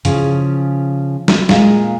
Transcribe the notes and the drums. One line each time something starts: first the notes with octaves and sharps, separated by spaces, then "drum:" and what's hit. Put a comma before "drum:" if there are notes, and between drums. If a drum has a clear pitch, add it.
C#3 F3 C#4, drum: hi-hat
drum: snare
A#2 G#3 F5, drum: snare